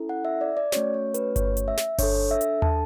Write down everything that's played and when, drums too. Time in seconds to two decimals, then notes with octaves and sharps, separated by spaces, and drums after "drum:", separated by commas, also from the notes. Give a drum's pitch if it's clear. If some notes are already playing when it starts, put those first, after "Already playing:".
Already playing: C#4 E4 A4
0.09 F#5
0.25 E5
0.41 D5
0.57 D5
0.72 A3 C#4 F#4 C#5, drum: snare
0.94 C#5
1.14 B4, drum: hi-hat
1.36 C#5, drum: kick G1, hi-hat
1.57 drum: hi-hat
1.68 E5
1.78 drum: snare
1.98 D4 A4 C#5, drum: kick G1, open hi-hat
2.31 E5
2.41 drum: hi-hat
2.62 A5, drum: tom D#2